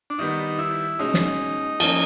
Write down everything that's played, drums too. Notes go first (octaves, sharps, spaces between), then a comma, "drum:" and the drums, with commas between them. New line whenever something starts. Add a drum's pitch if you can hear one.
D4
D#3 G3 B3 D#4
E4
B2 G#3 C#4 D#4
drum: snare
F3 A#3 C#4, drum: cymbal